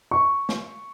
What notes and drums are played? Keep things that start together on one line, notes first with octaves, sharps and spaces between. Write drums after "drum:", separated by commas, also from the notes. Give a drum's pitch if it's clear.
C#6
drum: snare